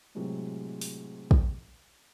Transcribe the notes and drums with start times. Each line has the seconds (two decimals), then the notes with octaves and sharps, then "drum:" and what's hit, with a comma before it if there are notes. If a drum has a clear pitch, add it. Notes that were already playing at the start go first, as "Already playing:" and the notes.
0.15 A2 C3 F#3 G#3 C4
0.81 drum: open hi-hat
1.31 drum: kick